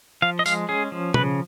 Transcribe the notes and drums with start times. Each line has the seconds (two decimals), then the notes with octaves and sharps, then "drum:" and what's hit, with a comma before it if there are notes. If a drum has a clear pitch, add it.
0.22 F3 F5
0.39 D#5
0.46 G#3 F5, drum: tambourine
0.68 C#4 G#4
0.92 F3
1.14 C#3 B4, drum: tom